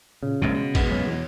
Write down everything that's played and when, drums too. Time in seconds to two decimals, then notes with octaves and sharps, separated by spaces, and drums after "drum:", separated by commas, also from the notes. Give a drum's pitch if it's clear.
0.23 A#2 C#3
0.42 A#1 G2 B2 G#3
0.54 B2
0.75 G2 G#3 B3, drum: kick, cymbal
0.91 C#2 F#2 C#3 C#5
1.07 E2